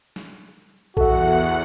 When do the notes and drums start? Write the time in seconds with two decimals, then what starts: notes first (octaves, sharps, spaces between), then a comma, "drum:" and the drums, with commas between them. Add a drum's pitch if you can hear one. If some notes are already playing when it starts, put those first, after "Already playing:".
0.16 drum: snare
0.97 E2 F#4 A4 E5 F#5, drum: kick A#1